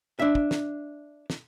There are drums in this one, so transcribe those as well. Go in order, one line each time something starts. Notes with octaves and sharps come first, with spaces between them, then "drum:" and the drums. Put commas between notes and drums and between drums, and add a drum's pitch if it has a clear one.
D4 E5
drum: kick
drum: snare
drum: snare